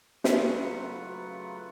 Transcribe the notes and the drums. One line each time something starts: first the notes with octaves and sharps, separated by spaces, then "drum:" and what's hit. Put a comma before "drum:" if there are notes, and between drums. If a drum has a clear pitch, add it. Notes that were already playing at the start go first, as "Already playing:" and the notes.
C#3 F#3 A3 F4 B4 F#5, drum: snare